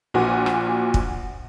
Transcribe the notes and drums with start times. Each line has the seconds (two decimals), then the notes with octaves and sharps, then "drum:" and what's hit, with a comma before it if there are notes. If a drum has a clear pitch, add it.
0.14 A#1 A#2 F#4
0.46 drum: rim click
0.94 drum: kick